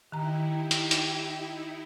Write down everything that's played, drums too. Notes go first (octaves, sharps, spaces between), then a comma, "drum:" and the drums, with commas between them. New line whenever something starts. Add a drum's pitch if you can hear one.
D#3 D#4 E4 G4 A#5
drum: hi-hat
drum: hi-hat